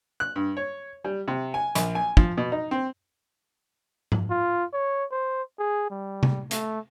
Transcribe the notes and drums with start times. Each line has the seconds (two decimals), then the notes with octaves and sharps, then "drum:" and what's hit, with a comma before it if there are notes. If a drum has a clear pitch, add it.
0.20 F#6
0.36 G2
0.57 C#5
1.05 G3
1.28 C3
1.54 G#5
1.75 A#1, drum: hi-hat
1.95 G#5
2.17 F3, drum: kick
2.37 B2
2.52 D#4
2.71 C4
4.12 drum: tom G#2
4.30 F4
4.74 C#5
5.12 C5
5.59 G#4
5.91 G3
6.23 drum: tom C3
6.51 A3, drum: hi-hat